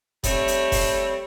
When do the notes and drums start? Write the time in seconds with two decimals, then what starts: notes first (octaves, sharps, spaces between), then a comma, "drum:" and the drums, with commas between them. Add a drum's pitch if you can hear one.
0.24 G3 A3 C4 C#5, drum: kick F1, hi-hat
0.48 drum: hi-hat
0.72 drum: kick F1, open hi-hat